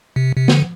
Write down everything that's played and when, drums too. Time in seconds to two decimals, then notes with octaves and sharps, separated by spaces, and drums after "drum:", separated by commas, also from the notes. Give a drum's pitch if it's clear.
0.16 C3
0.37 C3
0.48 D3, drum: snare